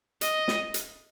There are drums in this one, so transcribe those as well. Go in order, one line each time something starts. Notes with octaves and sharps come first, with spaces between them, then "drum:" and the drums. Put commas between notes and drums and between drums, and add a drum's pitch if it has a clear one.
D#5, drum: hi-hat
drum: snare
drum: hi-hat